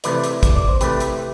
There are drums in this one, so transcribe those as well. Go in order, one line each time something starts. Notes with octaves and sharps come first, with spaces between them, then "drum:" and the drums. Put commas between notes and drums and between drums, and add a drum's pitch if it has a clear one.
C3 E3 A3 B4 D5, drum: hi-hat
drum: hi-hat
drum: kick, hi-hat
D5
C5
C3 E3 A3 G4 B4, drum: hi-hat
drum: hi-hat